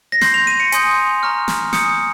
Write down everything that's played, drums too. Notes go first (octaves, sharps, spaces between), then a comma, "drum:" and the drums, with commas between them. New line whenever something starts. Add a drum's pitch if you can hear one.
A#6
C6 G6 C7, drum: snare
F7
D#7
C#7
G#5 C6 D#6 G6, drum: hi-hat
A#5 C#6 F6
drum: snare
G#5 D#6 G6 C#7, drum: snare